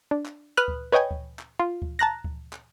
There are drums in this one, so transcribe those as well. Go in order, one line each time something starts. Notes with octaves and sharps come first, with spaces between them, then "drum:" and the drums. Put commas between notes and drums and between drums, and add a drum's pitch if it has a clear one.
D4
drum: clap
B4 B5 D#6 F6 F#6
drum: kick D2
B4 C#5 D#5 G5 G#5
drum: kick D2
drum: clap
F4
drum: kick D2
A5 A#5 F#6 A#6
drum: kick D2
drum: clap